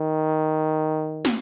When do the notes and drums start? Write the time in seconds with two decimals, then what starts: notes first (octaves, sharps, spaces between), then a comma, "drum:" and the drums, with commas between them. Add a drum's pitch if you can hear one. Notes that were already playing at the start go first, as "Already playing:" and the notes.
Already playing: D#3
1.25 drum: snare